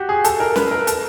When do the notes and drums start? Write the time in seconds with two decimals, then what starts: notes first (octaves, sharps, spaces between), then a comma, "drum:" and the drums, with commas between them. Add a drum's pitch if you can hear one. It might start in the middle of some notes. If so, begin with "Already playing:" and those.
Already playing: F#4 G4
0.09 G#4
0.24 A4, drum: hi-hat
0.40 A#4
0.56 B4, drum: snare
0.71 A#4
0.87 A4, drum: hi-hat